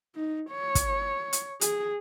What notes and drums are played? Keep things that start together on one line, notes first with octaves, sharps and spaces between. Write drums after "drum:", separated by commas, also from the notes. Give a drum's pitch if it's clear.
D#4
C#5
drum: kick, hi-hat
drum: hi-hat
G#4, drum: hi-hat